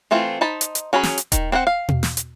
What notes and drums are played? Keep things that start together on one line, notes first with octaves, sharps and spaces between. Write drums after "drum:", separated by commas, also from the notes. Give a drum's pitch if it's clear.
E3 A3 C4 F4
D#4 C5 A5 B5
drum: hi-hat
drum: hi-hat
F#3 C#4 F#4 G#4 B5
drum: snare
drum: hi-hat
D#3, drum: kick D#1, hi-hat
C4 D4 C5 F#5
F5
drum: tom
drum: snare
drum: hi-hat